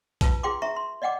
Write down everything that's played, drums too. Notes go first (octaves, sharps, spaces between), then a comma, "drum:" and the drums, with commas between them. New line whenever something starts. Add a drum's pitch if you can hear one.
F4 B4 A5, drum: kick A#1, hi-hat
F4 G#4 G5 C6 D6
E5 A#5 C#6
C6
D5 D#5 F#5 G5 D6